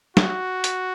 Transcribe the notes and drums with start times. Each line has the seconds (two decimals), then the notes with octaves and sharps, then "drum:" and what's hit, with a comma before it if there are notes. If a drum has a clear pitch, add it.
0.17 F#4, drum: snare
0.64 drum: hi-hat